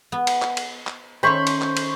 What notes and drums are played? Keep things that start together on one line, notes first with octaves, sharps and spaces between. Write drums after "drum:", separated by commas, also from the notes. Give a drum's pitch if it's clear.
B3
drum: cymbal
drum: clap
drum: cymbal
drum: clap
D#3 A3 C#4 C5 B5 C#6
drum: cymbal
drum: clap
drum: cymbal